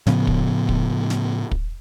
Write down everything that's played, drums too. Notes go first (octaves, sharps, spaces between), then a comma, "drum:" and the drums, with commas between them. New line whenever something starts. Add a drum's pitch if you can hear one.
A2 C#3 F3 B3, drum: snare
drum: kick
drum: kick
drum: snare
drum: kick